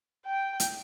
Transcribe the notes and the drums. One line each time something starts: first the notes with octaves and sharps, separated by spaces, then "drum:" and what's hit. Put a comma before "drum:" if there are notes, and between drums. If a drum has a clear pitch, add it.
G5
drum: hi-hat